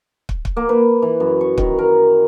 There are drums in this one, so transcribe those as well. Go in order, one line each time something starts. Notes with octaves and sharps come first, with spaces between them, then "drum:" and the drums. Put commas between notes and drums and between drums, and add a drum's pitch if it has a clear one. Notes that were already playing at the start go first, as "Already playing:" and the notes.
drum: kick
drum: kick
A#3
B4
E3
F#2
C#6
D#3, drum: kick
A#4